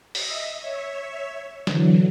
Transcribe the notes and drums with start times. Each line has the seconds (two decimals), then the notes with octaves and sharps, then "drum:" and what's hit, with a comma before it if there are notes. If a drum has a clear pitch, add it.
0.15 D#5 E5, drum: open hi-hat
0.60 C#5 E5
1.67 D3 E3 F#3, drum: snare